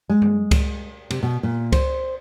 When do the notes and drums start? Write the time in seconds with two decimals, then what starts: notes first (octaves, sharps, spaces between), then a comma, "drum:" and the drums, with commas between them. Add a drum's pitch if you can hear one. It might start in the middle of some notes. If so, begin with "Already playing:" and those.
0.09 G#3
0.22 drum: tom G2
0.51 drum: kick C#2, cymbal
1.10 C3, drum: cymbal
1.23 B2
1.43 A#2
1.72 C5, drum: kick C#2, cymbal